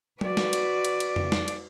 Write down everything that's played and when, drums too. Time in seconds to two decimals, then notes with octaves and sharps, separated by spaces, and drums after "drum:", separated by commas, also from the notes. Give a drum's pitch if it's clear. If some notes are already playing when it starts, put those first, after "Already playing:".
0.21 F#4 B4 D5, drum: tom F#3
0.37 drum: snare
0.53 drum: cymbal
0.85 drum: cymbal
1.00 drum: cymbal
1.16 drum: tom
1.32 drum: snare
1.48 drum: cymbal